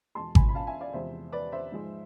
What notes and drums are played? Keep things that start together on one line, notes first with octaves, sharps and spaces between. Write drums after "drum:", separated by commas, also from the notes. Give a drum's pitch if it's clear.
E2 B2 G#3 A5 C6
G#5 B5, drum: kick G#1
B5
F5 A5
E5 G#5
D5 F5
E2 C3 F3 G#3 C5 E5
B4 D5
C5 E5
G#2 F3 G#3